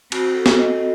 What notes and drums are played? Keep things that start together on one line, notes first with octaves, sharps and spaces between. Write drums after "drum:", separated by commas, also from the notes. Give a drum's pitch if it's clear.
C4 F#4, drum: cymbal
A4
C4, drum: snare
D#5